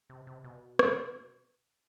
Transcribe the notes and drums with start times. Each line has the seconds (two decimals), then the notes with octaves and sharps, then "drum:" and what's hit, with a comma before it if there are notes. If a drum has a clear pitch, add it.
0.10 C3
0.27 C3
0.44 B2
0.79 drum: rim click